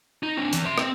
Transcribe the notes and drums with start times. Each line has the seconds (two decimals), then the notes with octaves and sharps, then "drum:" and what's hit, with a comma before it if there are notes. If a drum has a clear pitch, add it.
0.23 D#4
0.38 C4 D4
0.53 E2, drum: hi-hat
0.66 E5 C6
0.78 C4, drum: rim click